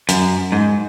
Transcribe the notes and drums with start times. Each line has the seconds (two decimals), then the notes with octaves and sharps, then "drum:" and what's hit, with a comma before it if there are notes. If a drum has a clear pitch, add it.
0.09 F#2, drum: hi-hat
0.52 G#2